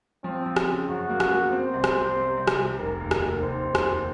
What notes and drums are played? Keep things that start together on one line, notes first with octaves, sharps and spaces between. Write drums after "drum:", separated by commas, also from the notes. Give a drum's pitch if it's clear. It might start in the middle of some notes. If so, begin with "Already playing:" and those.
F3 C4
F3
drum: rim click
C#3
F#2 F#4
A#3
drum: rim click
A#3
C4 C5
C2
drum: rim click
C3
C3
C2
drum: rim click
C2
F1 A#4
D#2
drum: rim click
F1
F1 C5
F1
drum: rim click
D#2